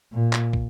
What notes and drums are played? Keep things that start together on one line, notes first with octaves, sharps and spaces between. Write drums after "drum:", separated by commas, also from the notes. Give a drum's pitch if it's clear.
A#2
drum: clap
drum: kick